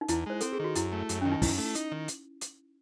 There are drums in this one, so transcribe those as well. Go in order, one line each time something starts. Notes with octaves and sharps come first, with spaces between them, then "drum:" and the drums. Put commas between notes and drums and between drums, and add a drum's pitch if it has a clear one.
D#4
E2 E4, drum: hi-hat
G#3 C5
C4 A4, drum: hi-hat
G#4
D#3 F#4
F#2 E4, drum: hi-hat
A3
F#2, drum: hi-hat
D#3 C#4
D#4
F#2 E4, drum: kick, open hi-hat
A3
D#4, drum: hi-hat
D#3
drum: hi-hat
drum: hi-hat